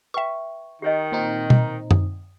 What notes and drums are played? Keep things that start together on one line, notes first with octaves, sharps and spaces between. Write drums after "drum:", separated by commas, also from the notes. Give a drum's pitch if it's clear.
B4 E5 G5 C#6
D#3 G4 C#5 D#5
A#2 C4 D#4
drum: tom B2
D#6, drum: tom F#2